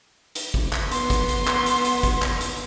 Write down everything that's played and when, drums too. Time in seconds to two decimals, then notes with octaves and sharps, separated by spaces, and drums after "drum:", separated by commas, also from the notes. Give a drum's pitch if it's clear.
0.35 drum: hi-hat
0.54 drum: kick
0.73 drum: clap
0.91 B3 C6, drum: hi-hat
1.10 drum: kick, hi-hat
1.29 drum: hi-hat
1.47 drum: clap
1.66 drum: hi-hat
1.85 drum: hi-hat
2.03 drum: kick, hi-hat
2.22 drum: clap
2.41 drum: hi-hat